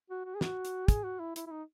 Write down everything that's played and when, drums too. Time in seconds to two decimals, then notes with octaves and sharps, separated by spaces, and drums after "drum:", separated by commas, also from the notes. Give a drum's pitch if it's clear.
0.10 F#4
0.25 F#4
0.35 G#4
0.41 F#4, drum: snare
0.65 drum: hi-hat
0.88 G#4, drum: kick, hi-hat
1.04 F#4
1.19 E4
1.36 E4, drum: hi-hat
1.46 E4
1.51 D#4